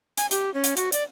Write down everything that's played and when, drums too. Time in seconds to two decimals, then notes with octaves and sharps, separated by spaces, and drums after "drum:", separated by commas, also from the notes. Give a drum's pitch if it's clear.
0.17 G#5, drum: hi-hat
0.31 G4, drum: hi-hat
0.54 C#4
0.64 drum: hi-hat
0.77 F#4, drum: hi-hat
0.92 D5, drum: hi-hat